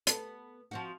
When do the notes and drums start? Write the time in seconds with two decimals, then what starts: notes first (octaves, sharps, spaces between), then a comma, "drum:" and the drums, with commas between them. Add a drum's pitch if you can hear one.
0.07 B3 A4, drum: hi-hat
0.71 F3 C4 F#4